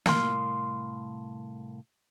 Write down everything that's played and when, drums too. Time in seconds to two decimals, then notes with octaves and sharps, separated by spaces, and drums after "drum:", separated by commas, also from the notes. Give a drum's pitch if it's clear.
0.06 C2 A2 A#4 F5 C6, drum: snare